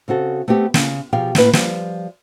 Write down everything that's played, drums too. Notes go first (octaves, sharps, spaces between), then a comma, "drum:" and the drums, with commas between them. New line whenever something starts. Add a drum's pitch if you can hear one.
C#3 C4 F#4 A4
A3 B3 C4 G4
C#3, drum: snare
B2 F3 G4 G#4 F5 G5
A2 A#3 E4 B4, drum: snare
F3 G3, drum: snare